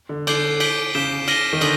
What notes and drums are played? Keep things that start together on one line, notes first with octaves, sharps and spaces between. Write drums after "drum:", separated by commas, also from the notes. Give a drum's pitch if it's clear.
D3
D3 D6 G6 C7, drum: cymbal
G6 B6 D7 G7, drum: cymbal
C#3 D6 G6 B6 E7 G7
F6 A#6 D#7 G7, drum: cymbal
D#3
D3 D#6 B6, drum: cymbal